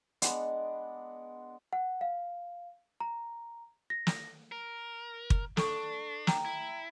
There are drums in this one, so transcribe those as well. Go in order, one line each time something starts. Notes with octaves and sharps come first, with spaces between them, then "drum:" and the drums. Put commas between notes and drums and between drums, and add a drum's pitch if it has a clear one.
G#3 B3 D4 F#5, drum: hi-hat
F#5
F5
A#5
A#6
drum: snare
A#4
drum: kick
D4 A4 C#6, drum: snare
G5 A#5, drum: snare
E4